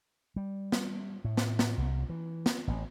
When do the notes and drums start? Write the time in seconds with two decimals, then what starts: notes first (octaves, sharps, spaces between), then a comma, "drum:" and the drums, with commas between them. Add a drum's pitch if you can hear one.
0.36 G3
0.72 drum: snare
1.24 A2
1.37 drum: snare
1.59 drum: snare
1.78 C2
2.10 E3
2.46 drum: snare
2.68 A1